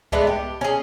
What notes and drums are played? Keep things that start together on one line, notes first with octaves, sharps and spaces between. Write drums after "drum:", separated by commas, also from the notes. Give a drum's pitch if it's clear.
G#3 A3 B3 D4, drum: kick C2
G4
C#4 G#4